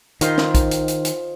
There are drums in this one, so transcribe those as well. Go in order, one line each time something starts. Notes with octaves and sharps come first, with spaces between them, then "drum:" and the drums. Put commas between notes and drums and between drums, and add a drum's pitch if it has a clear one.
D#3 D#4 F4 C5, drum: hi-hat
drum: snare
drum: kick, hi-hat
drum: hi-hat
drum: hi-hat
drum: hi-hat